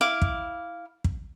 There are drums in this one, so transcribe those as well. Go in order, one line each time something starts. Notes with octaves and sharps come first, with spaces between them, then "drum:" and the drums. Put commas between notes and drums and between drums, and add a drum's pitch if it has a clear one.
E4 F5 D6
drum: kick
drum: kick